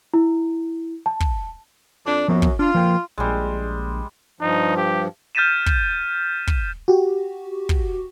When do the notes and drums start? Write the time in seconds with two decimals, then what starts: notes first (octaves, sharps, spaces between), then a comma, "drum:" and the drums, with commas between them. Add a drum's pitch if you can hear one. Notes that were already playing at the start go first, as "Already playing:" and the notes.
0.14 E4
1.06 A5
1.20 drum: kick
2.06 F2 D4
2.28 F#2 F3 A#3 B3
2.42 drum: kick
2.59 D4 F4
2.74 F3 A#3 G5
3.18 A#1 G3 G#3
4.41 G2 F3 D#4
4.76 G4
5.35 F6 G6 A6 B6 D#7 E7
5.66 drum: kick
6.47 drum: kick
6.88 F#4 G4
7.69 drum: kick